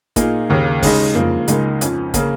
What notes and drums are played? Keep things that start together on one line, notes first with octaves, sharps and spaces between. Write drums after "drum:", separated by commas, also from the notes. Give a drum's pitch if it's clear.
A#2 A#3 D#4 G#4, drum: kick, hi-hat
D#2 C#3 A#3
C#3 G#3 D#4, drum: kick, open hi-hat
C#3 F3 A#3, drum: tom F2
C#2 C#3 G#3 D#4 A#4, drum: hi-hat
F2 F3 C#4, drum: hi-hat
C#3 A#3 C#4 A#4, drum: kick, hi-hat